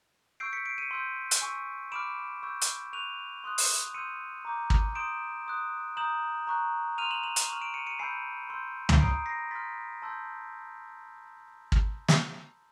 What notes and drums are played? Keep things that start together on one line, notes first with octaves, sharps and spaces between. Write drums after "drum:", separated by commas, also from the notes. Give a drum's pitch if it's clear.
C#6 E6 G6 C7 D7
B6 C#7
C7 D7
C#7 D#7
C6 E6 G6
drum: hi-hat
G#5 C#6 E6
B5 D6 F6 D7 E7
C#6 E6 G6
drum: hi-hat
C#6 F#6 D#7 F7
C6 D#6 F#6
drum: open hi-hat
C6 E6 G6 C#7 D#7
A#5 D6 G6
drum: kick
C6 D#6 G6 D7 E7
C6 D#6 F#6
A#5 D#6 G6 E7 F#7
A#5 C#6 F#6
C6 F6 D#7 F7
E7 F#7
E7 F#7
E7 F#7, drum: hi-hat
C#6 F6
D7 E7
C#7 D#7
C#7 D#7
G#5 B5 E6 G6 C7 D7
C6 E6 G6
drum: tom
A#5 D#6 G6 C7 D7
A#6 C7
C6 F6 A6 B6
A5 C6 E6 G6
drum: kick
drum: snare